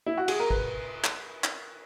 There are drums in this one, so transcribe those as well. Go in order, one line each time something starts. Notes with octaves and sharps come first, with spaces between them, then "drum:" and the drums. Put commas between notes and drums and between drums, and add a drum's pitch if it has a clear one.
E4
F#4
G#4, drum: cymbal
A#4
B4, drum: kick
drum: clap
drum: clap